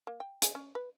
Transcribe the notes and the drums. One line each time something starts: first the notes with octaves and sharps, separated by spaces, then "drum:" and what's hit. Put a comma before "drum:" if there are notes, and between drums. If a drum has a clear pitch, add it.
A#3
G5
G#4, drum: hi-hat
C#4
B4